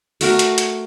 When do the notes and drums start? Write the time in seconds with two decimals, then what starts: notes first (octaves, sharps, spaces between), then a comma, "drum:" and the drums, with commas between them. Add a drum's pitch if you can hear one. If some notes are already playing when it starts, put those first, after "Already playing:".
0.21 A3 F#4 A#4, drum: open hi-hat
0.39 drum: hi-hat
0.58 drum: hi-hat